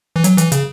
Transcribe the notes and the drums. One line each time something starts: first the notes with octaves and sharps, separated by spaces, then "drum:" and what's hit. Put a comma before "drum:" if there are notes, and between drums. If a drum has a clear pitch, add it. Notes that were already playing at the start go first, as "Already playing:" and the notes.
E3
F#3, drum: hi-hat
E3, drum: hi-hat
C#3, drum: hi-hat